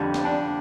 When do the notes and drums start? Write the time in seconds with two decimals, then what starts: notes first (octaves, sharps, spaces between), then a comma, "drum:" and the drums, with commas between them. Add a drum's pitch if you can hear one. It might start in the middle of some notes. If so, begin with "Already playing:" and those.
Already playing: F2 D3 G3
0.14 drum: snare
0.25 D4